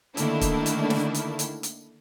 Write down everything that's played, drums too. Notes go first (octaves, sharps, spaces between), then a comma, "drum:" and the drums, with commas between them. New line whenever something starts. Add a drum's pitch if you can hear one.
D3 D#3 A3 A#3 D4 E4, drum: hi-hat
drum: kick, hi-hat
drum: hi-hat
drum: snare
drum: hi-hat
drum: hi-hat
drum: hi-hat